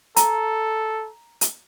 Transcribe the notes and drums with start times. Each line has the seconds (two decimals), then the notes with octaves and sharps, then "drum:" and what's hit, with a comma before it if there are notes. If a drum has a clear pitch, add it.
0.16 A4 A#5, drum: hi-hat
1.41 drum: hi-hat